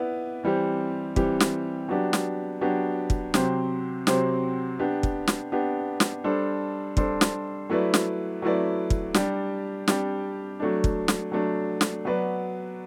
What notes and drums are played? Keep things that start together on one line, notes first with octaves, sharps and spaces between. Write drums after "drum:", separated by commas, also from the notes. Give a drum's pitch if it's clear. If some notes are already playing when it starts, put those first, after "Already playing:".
Already playing: B3 E4 B4 D5
E3 G3 C4 G4
E3 G3 C4 G4, drum: kick
drum: snare
F#3 B3 D4 G4
drum: snare
F#3 B3 D4 G4
drum: kick
C3 F#3 C4 G4 C5, drum: snare
C3 F#3 C4 G4 C5, drum: snare
B3 D4 G4
drum: kick
drum: snare
B3 D4 G4
drum: snare
G3 D4 A4 C5
G3 D4 A4 C5, drum: kick
drum: snare
F#3 A3 E4 B4 D5
drum: snare
F#3 A3 E4 B4 D5
drum: kick
G3 D4 G4 D5, drum: snare
G3 D4 G4 D5, drum: snare
F#3 A3 D4
drum: kick
drum: snare
F#3 A3 D4
drum: snare
F#3 B3 F#4 B4 D5